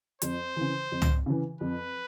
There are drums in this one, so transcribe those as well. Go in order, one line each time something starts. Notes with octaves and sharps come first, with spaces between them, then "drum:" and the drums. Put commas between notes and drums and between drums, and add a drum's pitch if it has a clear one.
F2 C5, drum: hi-hat
C#3 E3
F2
drum: tom
C#3 E3
F2 B4